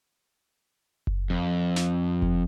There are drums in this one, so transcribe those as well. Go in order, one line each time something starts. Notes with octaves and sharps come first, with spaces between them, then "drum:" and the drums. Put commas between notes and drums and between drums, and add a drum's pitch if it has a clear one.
drum: kick F#1
F2
drum: snare
drum: kick F#1